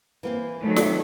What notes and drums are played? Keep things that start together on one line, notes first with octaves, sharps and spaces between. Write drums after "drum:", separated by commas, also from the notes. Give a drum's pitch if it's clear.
E3 A#3 C4
D#3 F#3 A3
drum: snare